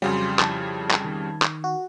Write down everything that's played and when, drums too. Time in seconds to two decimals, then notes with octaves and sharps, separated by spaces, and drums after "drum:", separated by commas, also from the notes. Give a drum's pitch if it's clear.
0.02 F2 C#3 F#3 G3 F5 G#5 C6
0.39 F3 E4 F4 A5 G#6, drum: clap
0.91 drum: clap
1.05 D#3 A#4
1.42 drum: clap
1.64 F#4